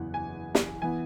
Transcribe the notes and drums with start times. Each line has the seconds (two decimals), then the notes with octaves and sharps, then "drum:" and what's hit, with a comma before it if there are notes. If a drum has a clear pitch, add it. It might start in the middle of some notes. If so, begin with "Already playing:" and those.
Already playing: F#1 E2 E3 B3 F#5
0.14 G#5
0.55 drum: snare
0.82 E3 B3 G#5